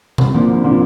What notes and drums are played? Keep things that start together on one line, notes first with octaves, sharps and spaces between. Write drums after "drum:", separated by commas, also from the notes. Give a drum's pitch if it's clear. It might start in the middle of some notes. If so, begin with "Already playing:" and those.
C2, drum: tom B2
A#2 F3 A#3 D4
C2
A#2 F3 A#3 D4